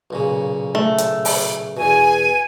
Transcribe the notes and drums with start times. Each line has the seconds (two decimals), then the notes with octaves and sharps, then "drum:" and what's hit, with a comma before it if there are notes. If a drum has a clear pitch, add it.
0.10 B1 A#2 C#3
0.75 A3
0.98 drum: hi-hat
1.25 drum: open hi-hat
1.77 E2 B2 G#5